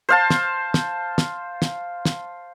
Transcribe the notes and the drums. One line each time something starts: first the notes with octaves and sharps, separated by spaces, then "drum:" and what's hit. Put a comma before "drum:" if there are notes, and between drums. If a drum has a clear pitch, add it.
C5 F5 A5
drum: snare
drum: snare
drum: snare
drum: snare
drum: snare